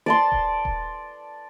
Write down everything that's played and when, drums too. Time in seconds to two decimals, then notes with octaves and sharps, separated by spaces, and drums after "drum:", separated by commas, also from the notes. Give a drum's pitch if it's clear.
0.06 D5 A5 C6
0.32 drum: kick D#1
0.65 drum: kick D#1